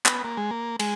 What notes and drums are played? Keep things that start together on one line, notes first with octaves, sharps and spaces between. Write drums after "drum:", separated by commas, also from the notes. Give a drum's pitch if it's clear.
B3, drum: clap
A#3
G#3
A#3
G#3, drum: cymbal